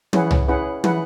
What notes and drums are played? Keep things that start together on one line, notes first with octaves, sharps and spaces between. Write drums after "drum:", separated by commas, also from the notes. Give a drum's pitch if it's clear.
C#4 E4 G#4 B4 F#5, drum: tom
drum: tom C2
C#4 E4 G#4 B4 F#5
E4 G#4 B4 F#5, drum: tom